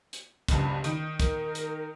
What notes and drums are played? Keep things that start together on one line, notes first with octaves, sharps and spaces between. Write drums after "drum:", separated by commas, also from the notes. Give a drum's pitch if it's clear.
drum: hi-hat
F#1 C#2 G2, drum: kick, hi-hat
D#3, drum: hi-hat
A#4, drum: kick, hi-hat
drum: hi-hat